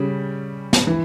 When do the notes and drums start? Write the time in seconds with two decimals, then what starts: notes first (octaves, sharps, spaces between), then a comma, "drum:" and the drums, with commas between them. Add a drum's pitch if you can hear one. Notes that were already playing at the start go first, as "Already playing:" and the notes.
Already playing: C#3 G3 C#4
0.73 drum: snare
0.87 E3